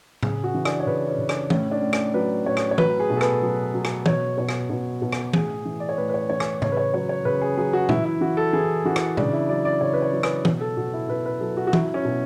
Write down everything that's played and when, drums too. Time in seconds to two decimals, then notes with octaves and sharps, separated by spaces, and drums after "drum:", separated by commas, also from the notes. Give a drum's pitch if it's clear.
0.23 C#3 G#4, drum: tom
0.44 F#4
0.54 E3
0.65 D4, drum: rim click
0.80 C#5
0.87 C#3 B4
1.07 C#4
1.18 C#3
1.29 D4, drum: rim click
1.50 A2 C#4, drum: tom
1.71 D4
1.82 A2
1.93 drum: rim click
2.14 F#3 B4
2.46 A2 C#5
2.57 drum: rim click
2.71 C#5
2.78 F#3 B4, drum: tom
3.00 G#4
3.10 B2
3.17 A4
3.21 B4, drum: rim click
3.42 F#3
3.74 F#3
3.85 drum: rim click
4.06 B2 C#5, drum: tom
4.38 B2 C#5
4.49 drum: rim click
4.70 B2
5.02 B2
5.12 drum: rim click
5.33 A2 G#4, drum: tom
5.65 E3
5.80 D5
5.89 C#5
5.98 A2 B4
6.09 B4
6.14 C#5
6.30 E3 C#5
6.40 drum: rim click
6.62 C#3 C#5, drum: tom
6.72 B4
6.77 C#5
6.94 F#3 C#5
7.09 C#5
7.25 C#3 B4
7.42 G#4
7.57 F#3 G#4
7.73 F#4
7.89 E3 E4, drum: tom
8.05 E4
8.21 E3 F#4
8.37 A4
8.53 E3 G#4
8.85 E3 F#4
8.96 drum: rim click
9.17 C#3 D4, drum: tom
9.33 E4
9.49 F#3 D5
9.65 D5
9.81 C#3 C#5
9.93 B4
10.02 C#5
10.13 F#3
10.23 B4, drum: rim click
10.45 B2, drum: tom
10.61 A4
10.77 B2 F#4
10.94 E4
11.09 B2 B4
11.26 B4
11.40 F#3 A4
11.57 F#4
11.67 F#4
11.73 F#3 E4, drum: tom
11.94 C#4
12.05 B2